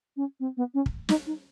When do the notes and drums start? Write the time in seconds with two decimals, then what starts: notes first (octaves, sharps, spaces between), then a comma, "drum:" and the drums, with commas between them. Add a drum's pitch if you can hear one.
0.16 C#4
0.40 C4
0.57 B3
0.74 C#4
0.86 drum: kick
1.09 D#4, drum: snare
1.26 D#4